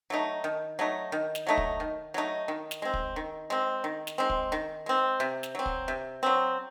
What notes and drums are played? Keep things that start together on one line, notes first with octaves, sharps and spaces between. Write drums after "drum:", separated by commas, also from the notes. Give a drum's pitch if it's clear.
F#3 A3 D#4
D#3
F#3 A3 D#4
D#3
drum: snare
F#3 A3 D#4
drum: kick
D#3
F#3 A3 D#4
D#3
drum: snare
G#3 C4
drum: kick
D#3
G#3 C4
D#3
drum: snare
G#3 C4
drum: kick
D#3
G#3 C4
C3
drum: snare
F#3 C4
drum: kick
C3
F#3 C4